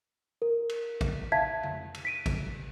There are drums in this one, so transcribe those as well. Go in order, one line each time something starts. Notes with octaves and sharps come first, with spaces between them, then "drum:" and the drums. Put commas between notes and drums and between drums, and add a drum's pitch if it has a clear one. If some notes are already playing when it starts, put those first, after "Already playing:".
A#4
drum: cymbal
drum: kick G#1, cymbal
E5 F5 A5 G#6 B6
drum: tom F2
drum: cymbal
B6 D7 D#7
drum: kick G#1, cymbal